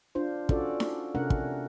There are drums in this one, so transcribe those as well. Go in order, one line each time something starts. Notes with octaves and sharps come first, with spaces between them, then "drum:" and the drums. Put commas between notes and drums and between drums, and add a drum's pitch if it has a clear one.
D4 F4 C5
C#4 F4 F#4 A4 D5, drum: kick
drum: snare D#4
C3 A3 C#4 D4 A#4 F#5
drum: kick